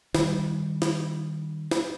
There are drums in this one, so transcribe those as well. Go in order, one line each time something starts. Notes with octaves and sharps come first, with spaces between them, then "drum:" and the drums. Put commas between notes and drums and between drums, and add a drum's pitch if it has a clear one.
D#3 G3, drum: snare
drum: snare
drum: snare